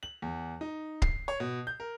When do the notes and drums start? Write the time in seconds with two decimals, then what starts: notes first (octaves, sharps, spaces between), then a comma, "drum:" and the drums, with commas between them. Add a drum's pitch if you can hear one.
0.03 F#7
0.22 E2
0.61 D#4
1.02 C7, drum: kick C#1
1.28 C#5
1.40 B2
1.67 G6
1.80 A#4